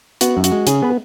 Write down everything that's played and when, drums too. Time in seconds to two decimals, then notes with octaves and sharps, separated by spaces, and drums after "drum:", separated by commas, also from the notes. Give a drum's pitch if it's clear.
0.21 B3 F#4, drum: hi-hat
0.37 F#2
0.44 F#4, drum: hi-hat
0.52 G#3
0.67 C#3 G#4, drum: hi-hat
0.82 B3 B4